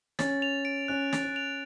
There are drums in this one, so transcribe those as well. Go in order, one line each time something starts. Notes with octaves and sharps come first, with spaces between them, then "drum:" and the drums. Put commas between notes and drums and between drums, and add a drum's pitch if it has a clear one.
C#4 A6, drum: snare
F7
D7
C#4 F#6
A6, drum: snare
C#4
F7